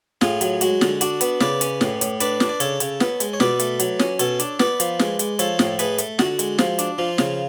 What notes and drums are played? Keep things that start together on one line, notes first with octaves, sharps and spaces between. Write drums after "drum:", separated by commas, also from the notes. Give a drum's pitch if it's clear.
A2 F4 G#4, drum: snare
F#3, drum: hi-hat
G#3 F#4, drum: hi-hat
D3, drum: snare
D4 F#4, drum: hi-hat
B3, drum: hi-hat
C#3 B4 D5, drum: snare
C#4, drum: hi-hat
A2, drum: snare
A2, drum: hi-hat
D4 B4 D5, drum: hi-hat
D4, drum: snare
D5
C#3 A4 C#5, drum: hi-hat
C#3, drum: hi-hat
B3, drum: snare
G#3, drum: hi-hat
C#5
B2 B4 D5, drum: snare
A3, drum: hi-hat
F#3, drum: hi-hat
C#4, drum: snare
B2 A4 C#5, drum: hi-hat
D4, drum: hi-hat
B3 B4 D5, drum: snare
F3, drum: hi-hat
G#3, drum: snare
G#3, drum: hi-hat
F3 A4 C#5, drum: hi-hat
A2, drum: snare
A3 G#4 B4, drum: hi-hat
A3, drum: hi-hat
D3 F#4, drum: snare
G#3, drum: hi-hat
F3, drum: snare
D4, drum: hi-hat
F3 F4
C#3, drum: snare